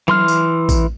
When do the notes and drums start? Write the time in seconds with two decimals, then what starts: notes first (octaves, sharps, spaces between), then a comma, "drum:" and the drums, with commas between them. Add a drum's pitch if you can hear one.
0.08 E3 C6 F6, drum: tom F#3
0.28 drum: tambourine
0.69 drum: kick A#1, tambourine